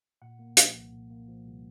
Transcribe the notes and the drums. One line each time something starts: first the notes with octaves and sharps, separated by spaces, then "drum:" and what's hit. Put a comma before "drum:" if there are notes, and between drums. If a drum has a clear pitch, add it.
A#2 F#5
A#3
F3, drum: hi-hat
C2
A#2
A#3
F3
C2